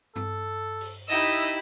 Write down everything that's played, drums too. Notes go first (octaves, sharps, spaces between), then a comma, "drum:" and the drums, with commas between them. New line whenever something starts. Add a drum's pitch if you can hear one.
A4, drum: tom G2
drum: open hi-hat
D#4 E4 G4 D#5 E5 E6